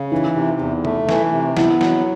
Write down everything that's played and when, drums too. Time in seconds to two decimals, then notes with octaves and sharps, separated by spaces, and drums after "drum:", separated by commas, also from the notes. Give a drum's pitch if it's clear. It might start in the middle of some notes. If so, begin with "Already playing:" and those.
Already playing: C#3
0.12 E3 D#4
0.35 C3
0.60 E2
0.85 A3, drum: tom C3
1.09 E3, drum: snare
1.32 C3
1.57 B3 E4, drum: snare
1.81 F#3, drum: snare